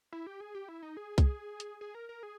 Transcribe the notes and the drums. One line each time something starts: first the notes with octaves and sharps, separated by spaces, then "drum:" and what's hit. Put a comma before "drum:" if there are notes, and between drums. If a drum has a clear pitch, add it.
E4
G4
G#4
G4
E4
D#4
G#4
drum: kick C2, hi-hat
drum: hi-hat
G#4
A#4
A#4
G#4